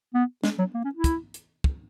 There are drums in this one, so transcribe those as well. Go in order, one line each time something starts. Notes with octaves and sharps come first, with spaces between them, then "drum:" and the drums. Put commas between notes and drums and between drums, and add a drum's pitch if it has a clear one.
B3
G#3, drum: snare
F#3
A#3
C#4
E4
drum: kick, hi-hat
drum: hi-hat
drum: kick